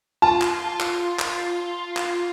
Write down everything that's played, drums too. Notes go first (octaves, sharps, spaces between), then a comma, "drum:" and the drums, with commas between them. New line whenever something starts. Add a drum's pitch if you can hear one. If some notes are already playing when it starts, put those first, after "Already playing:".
F4 A5
drum: clap
drum: clap
drum: clap
drum: clap